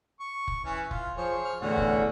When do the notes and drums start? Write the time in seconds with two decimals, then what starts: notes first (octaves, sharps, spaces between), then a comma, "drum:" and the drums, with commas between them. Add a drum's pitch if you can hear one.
0.20 C#6
0.48 drum: kick
0.64 E3 C#4
0.91 F4, drum: kick
1.17 F3 G#4 C5 C#5
1.45 F6
1.61 E2 A2 D3 C#4 F#4
1.77 drum: kick